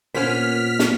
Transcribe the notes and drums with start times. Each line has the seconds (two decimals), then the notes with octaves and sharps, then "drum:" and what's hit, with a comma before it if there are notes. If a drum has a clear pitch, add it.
0.14 A#2 A#3 B3 C#4 C5 F6 B6
0.79 drum: snare